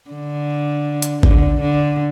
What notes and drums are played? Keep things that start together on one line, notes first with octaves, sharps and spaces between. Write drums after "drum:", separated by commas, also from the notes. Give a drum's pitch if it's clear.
D3
drum: hi-hat
D3, drum: kick A1
D3